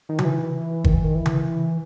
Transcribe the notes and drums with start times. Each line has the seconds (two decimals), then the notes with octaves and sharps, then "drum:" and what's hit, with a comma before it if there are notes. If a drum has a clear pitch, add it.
0.09 D#3
0.19 F#3, drum: tom C#3
0.24 E3
0.84 D#3, drum: kick
0.94 E3
1.04 D#3
1.15 E3
1.26 drum: tom C#3